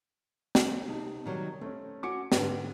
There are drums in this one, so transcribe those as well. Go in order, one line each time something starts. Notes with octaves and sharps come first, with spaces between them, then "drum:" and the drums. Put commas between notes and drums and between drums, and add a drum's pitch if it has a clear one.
drum: snare
C3 D#4 A5
D#3 F#3 G3
A3 C4 C#4
C#4 F#4 D6 C#7
G#2 D3 B3 G4, drum: snare